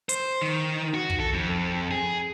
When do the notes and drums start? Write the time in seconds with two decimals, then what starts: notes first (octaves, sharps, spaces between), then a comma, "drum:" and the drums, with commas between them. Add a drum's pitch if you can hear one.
0.09 C5, drum: hi-hat
0.42 D#3
0.94 F#4
1.10 drum: kick
1.20 A4
1.34 F2
1.91 G#4